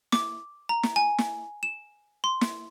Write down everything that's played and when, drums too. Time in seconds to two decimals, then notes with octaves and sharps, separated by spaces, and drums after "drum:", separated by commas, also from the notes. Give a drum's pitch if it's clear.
0.12 D6, drum: snare
0.69 A#5
0.83 drum: snare
0.96 G#5
1.18 drum: snare
1.63 E7
2.24 C6
2.41 drum: snare